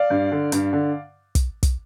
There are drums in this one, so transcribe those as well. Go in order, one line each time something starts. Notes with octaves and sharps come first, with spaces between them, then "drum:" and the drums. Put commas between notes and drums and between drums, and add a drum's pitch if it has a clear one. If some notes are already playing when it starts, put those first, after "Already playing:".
Already playing: D5 F5
G2
D3
G2, drum: hi-hat
D3
drum: kick, hi-hat
drum: kick, hi-hat